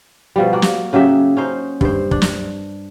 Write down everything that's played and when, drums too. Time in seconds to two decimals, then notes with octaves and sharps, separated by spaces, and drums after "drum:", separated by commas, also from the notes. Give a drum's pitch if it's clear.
0.36 B2 F3 G3
0.53 A#3 F#4
0.62 drum: snare
0.93 C#3 F#3 G4 E5
1.37 C#4 D#4 C5
1.81 G2 C5, drum: kick
2.11 D4, drum: kick
2.22 drum: snare